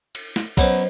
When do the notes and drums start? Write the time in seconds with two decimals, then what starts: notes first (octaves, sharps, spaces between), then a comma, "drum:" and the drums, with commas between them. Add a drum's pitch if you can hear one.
0.15 drum: cymbal
0.36 drum: snare
0.57 F#3 B3 C#4 C5 C#5 D#5, drum: kick, cymbal